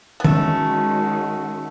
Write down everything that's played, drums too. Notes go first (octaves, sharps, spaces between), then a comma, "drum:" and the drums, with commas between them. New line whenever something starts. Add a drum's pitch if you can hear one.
B3
D#3 G#3 A3 C#4 F#4, drum: tom